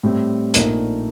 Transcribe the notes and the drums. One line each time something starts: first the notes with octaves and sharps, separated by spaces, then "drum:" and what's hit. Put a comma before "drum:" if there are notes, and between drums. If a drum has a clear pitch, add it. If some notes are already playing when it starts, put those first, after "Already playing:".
A2 G3 C4
A#1 A#2 A3 D#4 A#4, drum: hi-hat